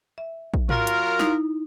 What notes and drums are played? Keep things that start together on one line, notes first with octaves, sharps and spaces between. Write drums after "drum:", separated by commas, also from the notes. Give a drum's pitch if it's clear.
E5
drum: kick
F#3 F4 A#4, drum: tom
drum: hi-hat
D#4 E4, drum: snare